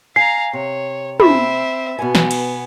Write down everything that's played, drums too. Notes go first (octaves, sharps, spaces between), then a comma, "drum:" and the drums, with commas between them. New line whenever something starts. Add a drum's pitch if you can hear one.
F5 G#5 A#5 C7
C3 C#5
C4 E5 B5, drum: tom
B2 B3 G#5
drum: snare
drum: cymbal